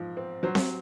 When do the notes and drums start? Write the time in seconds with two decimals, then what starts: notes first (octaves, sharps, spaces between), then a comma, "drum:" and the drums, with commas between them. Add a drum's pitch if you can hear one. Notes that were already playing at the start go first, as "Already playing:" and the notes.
Already playing: G#2 F3
0.17 C4
0.43 F#3 C5
0.55 drum: snare C4